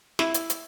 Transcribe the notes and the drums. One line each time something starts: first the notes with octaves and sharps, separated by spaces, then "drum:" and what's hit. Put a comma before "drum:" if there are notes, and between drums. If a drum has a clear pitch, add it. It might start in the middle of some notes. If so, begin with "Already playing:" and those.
E4, drum: snare
drum: hi-hat
drum: hi-hat